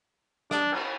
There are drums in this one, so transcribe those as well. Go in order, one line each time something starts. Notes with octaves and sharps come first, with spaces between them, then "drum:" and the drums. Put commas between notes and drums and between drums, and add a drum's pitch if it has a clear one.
D4, drum: rim click
drum: cymbal